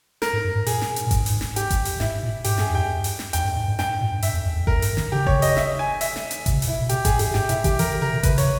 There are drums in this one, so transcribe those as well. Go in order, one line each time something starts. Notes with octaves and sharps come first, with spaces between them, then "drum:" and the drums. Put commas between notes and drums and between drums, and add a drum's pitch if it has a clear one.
A#4, drum: snare
G#2
G2
G#2
A#2 G#4, drum: open hi-hat
drum: snare
drum: hi-hat
A#2
G#2, drum: kick G1, hi-hat
drum: open hi-hat
drum: snare
G4, drum: hi-hat
drum: kick G1, hi-hat
drum: open hi-hat
G#2 E4, drum: snare
A#2
G#2 G4, drum: open hi-hat
G2 G#4, drum: snare
E2 G5
G2
drum: open hi-hat
drum: snare
E2 G5, drum: hi-hat
G2
G#2
G#2
G2 G5, drum: snare
G#2
A#2
G2
G2 E5, drum: open hi-hat
E2
E2
E2
G2 A#4, drum: kick G1
G2
G#2, drum: open hi-hat
D#3, drum: snare
C#3 G4
C#5, drum: kick G1
D#5, drum: open hi-hat
E5, drum: snare
G#5
E5, drum: open hi-hat
drum: snare
drum: hi-hat
B2, drum: kick G1, hi-hat
C#3
B2, drum: open hi-hat
E4
B2
A#2 G4, drum: hi-hat
G#2 G#4, drum: kick G1, hi-hat
G2 G#4, drum: open hi-hat
G#2 G4, drum: snare
B2 E4, drum: hi-hat
D#3 G4, drum: kick G1, hi-hat
E3 A#4, drum: open hi-hat
D#3
C#3 A#4
B2
C#3 B4, drum: kick G1, hi-hat
C#5, drum: open hi-hat